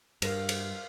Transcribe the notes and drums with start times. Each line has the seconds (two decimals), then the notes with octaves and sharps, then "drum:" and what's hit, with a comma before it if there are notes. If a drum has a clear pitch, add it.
0.22 G2 A#4 F5, drum: cymbal
0.49 drum: cymbal